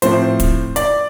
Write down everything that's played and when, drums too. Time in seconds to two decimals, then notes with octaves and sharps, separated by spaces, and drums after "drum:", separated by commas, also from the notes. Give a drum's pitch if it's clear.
0.02 A2 F3 C4 C5, drum: hi-hat
0.40 drum: kick, hi-hat
0.76 D5, drum: hi-hat